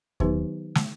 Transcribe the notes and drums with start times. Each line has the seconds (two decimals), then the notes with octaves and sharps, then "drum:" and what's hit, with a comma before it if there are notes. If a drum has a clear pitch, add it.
0.20 D#3 F#3 B3 D#4 G4 B4, drum: kick D#2
0.75 drum: snare